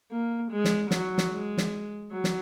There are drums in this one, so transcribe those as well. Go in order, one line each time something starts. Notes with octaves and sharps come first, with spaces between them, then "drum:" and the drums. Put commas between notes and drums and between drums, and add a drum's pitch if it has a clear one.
A#3
G#3
drum: snare
F#3, drum: snare
drum: snare
G#3
drum: snare
F#3
drum: snare